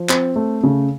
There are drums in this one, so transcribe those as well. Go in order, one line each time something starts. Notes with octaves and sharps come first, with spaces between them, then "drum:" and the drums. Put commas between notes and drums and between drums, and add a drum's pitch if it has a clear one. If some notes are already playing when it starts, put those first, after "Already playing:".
Already playing: F3
C4, drum: clap
A3
C#3